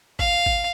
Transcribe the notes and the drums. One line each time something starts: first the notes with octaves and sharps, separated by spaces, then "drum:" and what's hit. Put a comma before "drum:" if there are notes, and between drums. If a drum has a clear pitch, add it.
F5, drum: kick G#1
drum: kick G#1